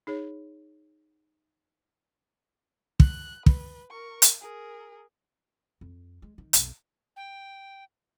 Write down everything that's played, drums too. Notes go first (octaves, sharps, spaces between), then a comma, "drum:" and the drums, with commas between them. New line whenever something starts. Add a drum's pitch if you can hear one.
D#4 G#4 C#5
F#6, drum: kick
B4, drum: kick
A#4 C#6
drum: hi-hat
G#4 A#4
F2
G#3
D#3
B1 F2, drum: hi-hat
G5